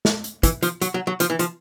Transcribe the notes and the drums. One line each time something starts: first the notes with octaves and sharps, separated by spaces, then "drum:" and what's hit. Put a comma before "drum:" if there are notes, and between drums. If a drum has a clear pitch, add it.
drum: snare
drum: hi-hat
E3, drum: kick, hi-hat
F3, drum: hi-hat
F#3, drum: hi-hat
F#3
F#3
F3, drum: hi-hat
E3
F3, drum: hi-hat